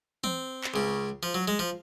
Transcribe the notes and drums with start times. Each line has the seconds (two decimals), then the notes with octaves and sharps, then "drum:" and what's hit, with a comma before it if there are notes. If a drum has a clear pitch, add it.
0.24 C4, drum: tom E3
0.64 drum: clap
0.74 C#2 C#3
1.23 F3
1.34 F#3
1.48 G#3
1.59 F3